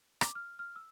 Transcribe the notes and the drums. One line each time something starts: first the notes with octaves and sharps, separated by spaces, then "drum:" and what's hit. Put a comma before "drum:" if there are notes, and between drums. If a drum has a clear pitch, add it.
D6, drum: rim click
F6
F6
E6